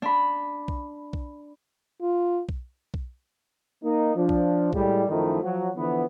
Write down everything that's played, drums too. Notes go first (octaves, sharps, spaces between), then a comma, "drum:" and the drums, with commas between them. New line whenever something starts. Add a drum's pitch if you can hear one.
D4 B5
drum: kick B1
drum: kick B1
F4
drum: kick B1
drum: kick B1
A#3 D#4
F3 D4
drum: kick B1
A2 G3 G#3, drum: kick B1
F#2 D#3 F3 A3 D#4 E4
F3 F#3 F#4
D3 E3 F3 B3